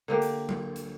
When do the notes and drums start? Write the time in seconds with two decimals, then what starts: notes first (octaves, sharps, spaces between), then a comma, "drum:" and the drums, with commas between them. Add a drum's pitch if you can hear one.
0.08 D3 A#3 G4
0.22 drum: hi-hat
0.49 drum: tom F#3
0.76 drum: hi-hat